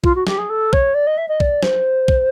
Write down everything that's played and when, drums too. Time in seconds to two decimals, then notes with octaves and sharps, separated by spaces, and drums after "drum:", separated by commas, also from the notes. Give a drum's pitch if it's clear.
0.04 F4, drum: kick
0.15 F#4
0.27 G4, drum: snare
0.38 G#4
0.50 A4
0.73 C#5, drum: kick
0.94 D5
1.07 D#5
1.17 E5
1.28 D#5
1.40 D5, drum: kick
1.63 C5, drum: snare
2.08 drum: kick